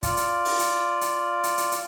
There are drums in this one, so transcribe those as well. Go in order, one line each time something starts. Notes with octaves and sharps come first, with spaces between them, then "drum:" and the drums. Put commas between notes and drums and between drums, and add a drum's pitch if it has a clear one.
F4 D5, drum: kick, hi-hat
drum: hi-hat
drum: open hi-hat
drum: hi-hat
drum: hi-hat
drum: hi-hat
drum: hi-hat
drum: hi-hat